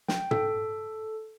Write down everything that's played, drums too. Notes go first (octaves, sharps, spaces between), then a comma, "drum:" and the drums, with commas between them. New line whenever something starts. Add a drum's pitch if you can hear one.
G5, drum: snare
A4, drum: tom